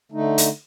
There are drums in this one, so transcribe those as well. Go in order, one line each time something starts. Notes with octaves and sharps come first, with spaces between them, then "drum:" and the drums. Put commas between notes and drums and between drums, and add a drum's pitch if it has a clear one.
D3 A3 D#4
drum: hi-hat